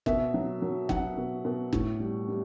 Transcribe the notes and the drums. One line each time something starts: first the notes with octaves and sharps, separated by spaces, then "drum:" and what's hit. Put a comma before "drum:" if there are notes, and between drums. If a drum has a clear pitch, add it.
B2 E5, drum: kick
F#3
F#3
F#3 F#5, drum: kick
B2
B2
A2, drum: kick
G3
G3